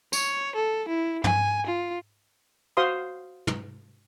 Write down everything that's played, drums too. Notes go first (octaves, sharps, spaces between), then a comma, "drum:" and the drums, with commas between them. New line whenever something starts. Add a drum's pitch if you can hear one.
C#5, drum: tambourine
A4
E4
G#5, drum: tom
F4
F#4 C5 F5 C6 D#6
drum: tom